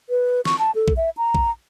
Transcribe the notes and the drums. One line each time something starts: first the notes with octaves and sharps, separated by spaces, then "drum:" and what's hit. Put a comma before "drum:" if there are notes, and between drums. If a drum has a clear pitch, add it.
B4
C#6, drum: snare
A5
A4
drum: kick A#1
E5
A#5
drum: kick A#1